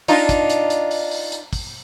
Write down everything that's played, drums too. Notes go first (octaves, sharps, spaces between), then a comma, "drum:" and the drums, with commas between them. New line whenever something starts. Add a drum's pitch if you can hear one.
D4 D#4 F4, drum: hi-hat
drum: kick, hi-hat
drum: hi-hat
drum: hi-hat
drum: open hi-hat
drum: open hi-hat
drum: hi-hat
drum: kick, open hi-hat